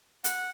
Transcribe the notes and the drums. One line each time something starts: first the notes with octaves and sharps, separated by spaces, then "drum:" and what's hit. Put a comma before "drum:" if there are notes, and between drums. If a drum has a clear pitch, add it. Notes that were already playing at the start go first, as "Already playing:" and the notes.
F#5, drum: hi-hat